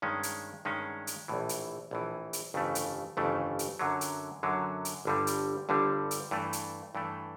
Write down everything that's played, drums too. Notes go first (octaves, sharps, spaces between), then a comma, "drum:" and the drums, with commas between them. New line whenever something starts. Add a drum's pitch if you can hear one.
G2 D#3 G#3 C#4
drum: hi-hat
G2 D#3 G#3 C#4
drum: hi-hat
A#1 A2 E3
drum: hi-hat
A#1 A2 E3
drum: hi-hat
G1 F2 C#3 E3 A3
drum: hi-hat
G1 F2 C#3 E3 A3
drum: hi-hat
F#2 D3 F#3
drum: hi-hat
F#2 D3 F#3
drum: hi-hat
G1 G2 D3 G3
drum: hi-hat
G1 G2 D3 G3
drum: hi-hat
G2 E3 A3
drum: hi-hat
G2 E3 A3